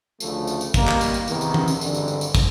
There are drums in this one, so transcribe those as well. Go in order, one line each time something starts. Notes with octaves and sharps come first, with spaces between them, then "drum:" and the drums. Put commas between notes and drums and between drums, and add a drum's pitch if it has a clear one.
D2 C#3 F3 A3, drum: tambourine
drum: tambourine
drum: tambourine
D#3 G3 A#3, drum: kick, tambourine
drum: clap
drum: tambourine
drum: tambourine
E2 C3 D#3, drum: tambourine
drum: tambourine
drum: tom E3
drum: tambourine
G#1 G2 D3, drum: tambourine
drum: tambourine
drum: tambourine
drum: tambourine
drum: kick, tambourine